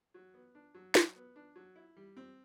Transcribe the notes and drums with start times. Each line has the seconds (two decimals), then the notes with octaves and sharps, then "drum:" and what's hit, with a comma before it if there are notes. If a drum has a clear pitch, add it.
0.14 F#3
0.34 B3
0.55 D4
0.75 F#3
0.95 F#3, drum: snare
1.15 B3
1.36 D4
1.56 F#3
1.76 E4
1.97 G3
2.17 C4